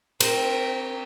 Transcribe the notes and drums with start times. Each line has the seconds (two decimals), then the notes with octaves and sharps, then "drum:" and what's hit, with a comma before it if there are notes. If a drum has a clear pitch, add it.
0.20 C4 A#4, drum: cymbal